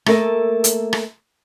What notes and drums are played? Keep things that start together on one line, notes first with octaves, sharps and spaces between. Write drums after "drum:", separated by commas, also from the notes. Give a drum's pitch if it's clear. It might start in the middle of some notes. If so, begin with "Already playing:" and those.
A3 A#3 A4 A#4 D#5, drum: rim click
drum: hi-hat
drum: rim click